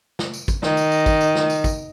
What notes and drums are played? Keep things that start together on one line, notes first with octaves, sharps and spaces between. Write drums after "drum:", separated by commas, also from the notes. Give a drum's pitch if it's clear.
drum: snare
drum: tambourine
drum: kick, tambourine
D#3, drum: snare
drum: tambourine
drum: tambourine
drum: kick, tambourine
drum: tambourine
drum: snare
drum: tambourine
drum: kick, tambourine